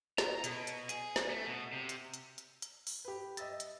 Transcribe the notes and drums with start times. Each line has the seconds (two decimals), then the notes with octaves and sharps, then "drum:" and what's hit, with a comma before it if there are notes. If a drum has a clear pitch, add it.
0.18 A#5, drum: snare
0.44 B2, drum: hi-hat
0.67 drum: hi-hat
0.89 G#4, drum: hi-hat
1.16 drum: snare
1.30 A3
1.45 B2
1.73 C3
1.89 drum: hi-hat
2.14 drum: hi-hat
2.38 drum: hi-hat
2.62 drum: hi-hat
2.87 drum: open hi-hat
3.05 G4 B4
3.37 D#5 E5 E6 A6, drum: hi-hat
3.60 drum: hi-hat